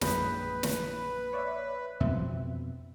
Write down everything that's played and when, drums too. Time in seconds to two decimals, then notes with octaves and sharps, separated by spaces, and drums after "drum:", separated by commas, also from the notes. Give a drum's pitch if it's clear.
0.01 A#1 F#2 G#3 B4 G5 B5 D#6, drum: snare
0.63 drum: snare
1.33 C#5 D5 E5
2.00 F2 B2 F3 B3 C4 E5